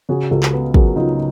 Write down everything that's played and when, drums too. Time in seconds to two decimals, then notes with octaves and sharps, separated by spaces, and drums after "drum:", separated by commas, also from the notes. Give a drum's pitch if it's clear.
0.09 C#3 F#4 G#4
0.31 C#2 G4 A4
0.43 drum: clap
0.53 B3
0.74 F#3 G#4 A#4, drum: kick
0.96 C#3 D#4 F4